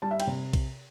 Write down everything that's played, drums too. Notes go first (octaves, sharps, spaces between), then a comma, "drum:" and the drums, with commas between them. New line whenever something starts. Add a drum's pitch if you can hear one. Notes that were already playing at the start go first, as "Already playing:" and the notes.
G3 A5
E5
G5, drum: cymbal
C3
drum: kick B1, cymbal